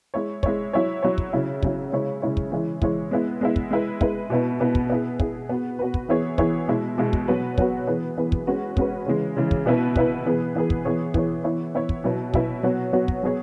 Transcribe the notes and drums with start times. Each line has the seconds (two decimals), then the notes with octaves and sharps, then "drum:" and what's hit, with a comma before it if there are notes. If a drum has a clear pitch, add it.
0.14 G#3 E4 C#5
0.43 G#3 E4 C#5, drum: kick
0.73 F#3 E4 C#5
1.03 F#3 E4 C#5
1.18 drum: kick
1.33 C#3 F#3 E4
1.63 C#3 F#3 E4, drum: kick
1.92 C#3 G#3 E4 C#5
2.22 C#3 G#3 E4 C#5
2.37 drum: kick
2.52 E3 G#3 E4 C#5
2.82 E3 G#3 E4 C#5, drum: kick
3.11 G#3 B3 E4
3.41 G#3 B3 E4
3.56 drum: kick
3.71 G#3 E4 B4
4.01 G#3 E4 B4, drum: kick
4.30 B2 B3 E4 B4
4.60 B2 B3 E4 B4
4.75 drum: kick
4.90 B3 E4 G#4
5.20 B3 E4 G#4, drum: kick
5.49 B3 F#4 B4
5.79 B3 F#4 B4
5.94 drum: kick
6.09 E3 B3 E4 G#4 C#5
6.38 E3 B3 E4 G#4 C#5, drum: kick
6.68 B2 G#3 E4
6.98 B2 G#3 E4
7.13 drum: kick
7.28 F#3 B3 F#4 B4
7.58 F#3 B3 F#4 B4, drum: kick
7.87 E3 B3 G#4 B4
8.18 E3 B3 G#4 B4
8.32 drum: kick
8.47 G#3 C#4 F#4 B4
8.77 G#3 C#4 F#4 B4, drum: kick
9.06 C#3 E3 G#3
9.37 C#3 E3 G#3
9.51 drum: kick
9.66 B2 B3 E4 B4
9.96 B2 B3 E4 B4, drum: kick
10.26 E3 B3 G#4 B4
10.55 E3 B3 G#4 B4
10.70 drum: kick
10.85 E3 B3 G#4 C#5
11.14 E3 B3 G#4 C#5, drum: kick
11.44 E3 B3 E4 C#5
11.75 E3 B3 E4 C#5
11.89 drum: kick
12.04 B2 F#3 E4 B4
12.34 B2 F#3 E4 B4, drum: kick
12.63 F#3 B3 F#4
12.93 F#3 B3 F#4
13.08 drum: kick
13.23 F#3 B3 G#4 C#5